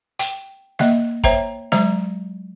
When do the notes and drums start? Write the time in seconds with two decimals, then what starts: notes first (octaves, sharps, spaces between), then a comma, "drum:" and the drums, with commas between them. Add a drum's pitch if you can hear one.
0.19 G5, drum: hi-hat
0.79 A#3 D#5 E5, drum: snare
1.24 C5 C#5 E5 G5 A#5, drum: kick
1.72 F#3 G#3 C5 A#5, drum: snare